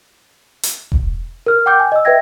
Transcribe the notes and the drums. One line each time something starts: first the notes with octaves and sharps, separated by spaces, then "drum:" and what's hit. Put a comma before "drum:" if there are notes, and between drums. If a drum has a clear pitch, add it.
drum: hi-hat
drum: kick E1
A#4 F6
F#5 G5 D6 G6
G#5
D#5 E6
B4 D#5 E5 G5 G#6 A#6